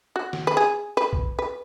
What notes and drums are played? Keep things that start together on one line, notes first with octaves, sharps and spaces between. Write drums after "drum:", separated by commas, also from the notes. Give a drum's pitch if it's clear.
F#4
drum: snare
B4
G#4
B4
drum: kick
B4